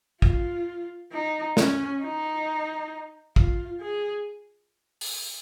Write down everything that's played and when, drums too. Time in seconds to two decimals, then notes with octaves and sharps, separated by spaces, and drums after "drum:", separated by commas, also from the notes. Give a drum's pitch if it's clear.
0.22 F4, drum: kick
1.12 D#4
1.57 C#4, drum: snare
2.02 D#4
3.36 F4, drum: kick
3.81 G#4
5.01 drum: open hi-hat